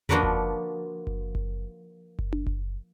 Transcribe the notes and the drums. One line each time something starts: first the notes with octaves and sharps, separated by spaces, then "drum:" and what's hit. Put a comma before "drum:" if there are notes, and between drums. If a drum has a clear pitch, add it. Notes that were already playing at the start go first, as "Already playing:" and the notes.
F3 A#3 D4 F#4 A#4 B4, drum: tom E2
drum: kick F#1
drum: kick F#1
drum: kick F#1
drum: kick F#1
drum: tom D4
drum: kick F#1